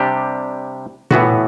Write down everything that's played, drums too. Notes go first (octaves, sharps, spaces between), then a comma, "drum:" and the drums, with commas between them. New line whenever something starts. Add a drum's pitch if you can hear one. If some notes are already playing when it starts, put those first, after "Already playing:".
Already playing: C3 G3 D4 G4
A2 E3 B3 F#4, drum: tom A#2